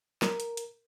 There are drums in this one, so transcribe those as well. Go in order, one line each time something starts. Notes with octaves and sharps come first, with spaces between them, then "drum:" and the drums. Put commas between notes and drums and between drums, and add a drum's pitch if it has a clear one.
A#4, drum: snare
drum: hi-hat
drum: hi-hat